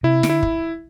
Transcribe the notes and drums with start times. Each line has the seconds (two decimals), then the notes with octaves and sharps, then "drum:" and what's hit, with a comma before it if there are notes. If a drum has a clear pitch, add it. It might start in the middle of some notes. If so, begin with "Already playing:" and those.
0.03 C3 E4
0.23 D3, drum: snare
0.29 E4
0.43 drum: kick